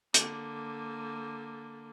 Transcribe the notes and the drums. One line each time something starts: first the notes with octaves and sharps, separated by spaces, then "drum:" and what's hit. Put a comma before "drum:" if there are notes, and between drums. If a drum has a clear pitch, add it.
D3 A#3, drum: hi-hat